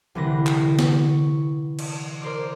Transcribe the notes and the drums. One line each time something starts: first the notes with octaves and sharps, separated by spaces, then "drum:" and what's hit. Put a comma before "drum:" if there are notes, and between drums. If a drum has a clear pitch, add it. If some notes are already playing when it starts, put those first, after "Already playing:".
C2 D3 E3 D4 B4 A#6
drum: clap
C#6, drum: snare
drum: cymbal
A#4 C5 D5 D6